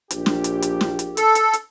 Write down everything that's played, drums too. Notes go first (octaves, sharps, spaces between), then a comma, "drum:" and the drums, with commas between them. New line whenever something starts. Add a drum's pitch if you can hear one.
A#1 G4, drum: hi-hat
drum: snare
drum: hi-hat
drum: hi-hat
drum: snare
drum: hi-hat
A4, drum: hi-hat
drum: hi-hat
drum: hi-hat